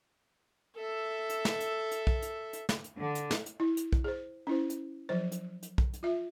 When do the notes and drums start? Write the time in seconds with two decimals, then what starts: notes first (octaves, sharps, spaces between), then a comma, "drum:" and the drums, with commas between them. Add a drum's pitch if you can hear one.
0.77 A4 E5
1.30 drum: hi-hat
1.45 drum: snare
1.61 drum: hi-hat
1.91 drum: hi-hat
2.07 drum: kick
2.22 drum: hi-hat
2.53 drum: hi-hat
2.69 drum: snare
2.84 drum: hi-hat
3.00 D3
3.15 drum: hi-hat
3.31 drum: snare
3.46 drum: hi-hat
3.60 E4
3.77 drum: hi-hat
3.93 drum: kick
4.04 G#4 C5
4.47 C#4 E4 C5
4.70 drum: hi-hat
5.09 F3 F#3 C5
5.32 drum: hi-hat
5.63 drum: hi-hat
5.78 drum: kick
5.94 drum: hi-hat
6.03 F4 E5